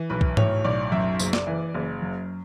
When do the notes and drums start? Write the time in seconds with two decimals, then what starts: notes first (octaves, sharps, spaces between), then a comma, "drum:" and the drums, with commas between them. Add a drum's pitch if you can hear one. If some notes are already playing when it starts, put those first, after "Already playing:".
Already playing: E3
0.10 B1 B4
0.21 drum: kick B1
0.37 A2 C#5, drum: tom G#2
0.64 B1 D5
0.92 F#2 E5
1.19 F#1, drum: tambourine
1.33 D5, drum: snare
1.47 E3
1.74 F#1
2.02 F#2